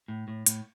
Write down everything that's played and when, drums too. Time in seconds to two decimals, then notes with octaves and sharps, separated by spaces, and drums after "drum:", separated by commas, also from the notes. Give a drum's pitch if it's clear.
0.08 A2
0.28 A2
0.46 A2, drum: hi-hat